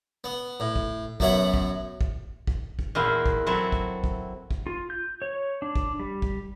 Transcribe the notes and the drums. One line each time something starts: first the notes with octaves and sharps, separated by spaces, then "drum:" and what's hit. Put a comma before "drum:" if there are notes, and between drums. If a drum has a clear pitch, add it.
B3
A2
drum: kick
F#2 B3 E4 C#5 F#5 B5, drum: kick
drum: kick
drum: kick
drum: kick
drum: kick
E2 A#2 E4 F5 G5 C6
drum: kick
F#3 C4 E4 A4 E5
drum: kick
drum: kick
drum: kick
F4
G6
C#5
D4
drum: kick
G3
drum: kick